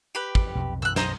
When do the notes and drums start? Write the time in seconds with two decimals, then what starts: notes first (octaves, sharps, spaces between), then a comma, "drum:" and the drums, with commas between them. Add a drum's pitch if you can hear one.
0.15 G4 B4
0.35 drum: kick
0.55 B1 F2 C3
0.82 B1 F#2 E3 E6 F#6
0.96 C5 D#5 A#5, drum: snare